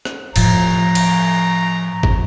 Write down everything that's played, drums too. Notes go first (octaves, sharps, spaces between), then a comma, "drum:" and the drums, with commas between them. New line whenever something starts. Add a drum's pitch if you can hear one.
drum: rim click
A2 F3 A#5, drum: cymbal
drum: cymbal
drum: kick